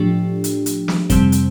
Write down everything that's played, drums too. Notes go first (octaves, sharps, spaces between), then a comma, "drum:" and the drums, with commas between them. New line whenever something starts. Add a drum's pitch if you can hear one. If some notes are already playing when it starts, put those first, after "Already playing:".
Already playing: A2 F3 A3 D4 G4
drum: hi-hat
drum: hi-hat
drum: snare
F2 C3 G3 C4, drum: kick, hi-hat
drum: hi-hat